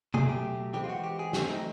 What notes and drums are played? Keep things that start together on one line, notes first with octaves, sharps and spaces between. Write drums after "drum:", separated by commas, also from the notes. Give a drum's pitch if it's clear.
B2 F#3 A3 G#4, drum: tom
G4
E3 G#3 C4 G4
F4
F#4
G4
G#4
E3 A3 C4 G4, drum: snare
D#4